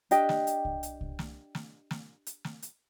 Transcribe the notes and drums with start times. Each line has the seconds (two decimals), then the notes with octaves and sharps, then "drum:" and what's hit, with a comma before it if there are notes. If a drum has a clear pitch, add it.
0.11 D4 G4 D#5 G5, drum: hi-hat
0.29 drum: snare
0.47 drum: hi-hat
0.65 drum: kick C2
0.83 drum: hi-hat
1.01 drum: kick C2
1.19 drum: snare
1.55 drum: snare
1.91 drum: snare
2.27 drum: hi-hat
2.44 drum: snare
2.62 drum: hi-hat